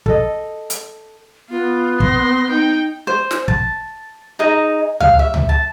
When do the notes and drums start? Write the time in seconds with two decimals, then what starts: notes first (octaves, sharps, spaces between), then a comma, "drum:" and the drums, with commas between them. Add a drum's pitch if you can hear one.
0.06 A4 D#5, drum: kick
0.70 drum: hi-hat
1.50 B3 F4
2.00 C6 A#6, drum: kick
2.49 D#4 G5
3.07 C5
3.31 drum: snare
3.48 A5, drum: kick
4.39 D#4 G#4 D#5 A#5
5.00 F5, drum: tom C#2
5.19 E5
5.34 drum: tom C#2
5.49 A5